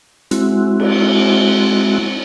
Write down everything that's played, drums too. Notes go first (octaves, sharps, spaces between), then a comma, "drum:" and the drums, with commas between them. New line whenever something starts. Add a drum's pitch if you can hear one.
G#3 C4 E4 F#4, drum: hi-hat
drum: cymbal